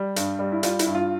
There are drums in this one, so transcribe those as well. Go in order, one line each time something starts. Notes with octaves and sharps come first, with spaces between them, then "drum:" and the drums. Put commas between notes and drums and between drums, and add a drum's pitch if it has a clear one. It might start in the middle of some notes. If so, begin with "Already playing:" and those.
Already playing: G3
G2, drum: hi-hat
G3
E4
G3 F4, drum: hi-hat
E4, drum: hi-hat
G2
F4